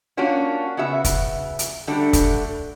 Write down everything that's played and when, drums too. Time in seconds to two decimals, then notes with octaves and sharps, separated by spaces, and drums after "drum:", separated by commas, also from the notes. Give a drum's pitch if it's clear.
0.17 A#3 C#4 D4 F4 F#4
0.77 C#3 B3 F#4 E5
1.04 drum: kick, hi-hat
1.59 drum: hi-hat
1.88 D3 G3 A3 D4 F#4
2.13 drum: kick, hi-hat